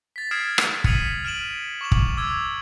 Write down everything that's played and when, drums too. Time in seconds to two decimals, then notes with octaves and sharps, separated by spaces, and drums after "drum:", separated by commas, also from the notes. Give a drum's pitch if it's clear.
0.16 A6 B6
0.31 D#6 F6 G#6 C7 D7 E7
0.58 drum: rim click
0.84 B6 C#7 D#7 F7 F#7, drum: kick
1.25 F6 D7 E7 F#7
1.81 C#6 D6 E7 F#7
1.92 drum: kick
2.17 D6 E6 G#6